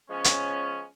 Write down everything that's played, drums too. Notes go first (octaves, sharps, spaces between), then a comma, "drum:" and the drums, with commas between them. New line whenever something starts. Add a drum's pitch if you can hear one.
F3 G#3 B3 C#4
drum: hi-hat